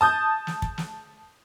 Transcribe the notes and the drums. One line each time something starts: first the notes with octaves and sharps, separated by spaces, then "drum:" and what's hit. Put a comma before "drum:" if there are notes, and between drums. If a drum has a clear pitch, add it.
A5 D#6 G6
drum: snare
drum: kick
drum: snare